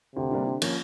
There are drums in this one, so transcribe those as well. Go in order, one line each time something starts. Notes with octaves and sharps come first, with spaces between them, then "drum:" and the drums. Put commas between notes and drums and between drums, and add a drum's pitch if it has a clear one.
D2 C3
D3 G3 A#3 D4
D3
F3 A#3 C#4, drum: cymbal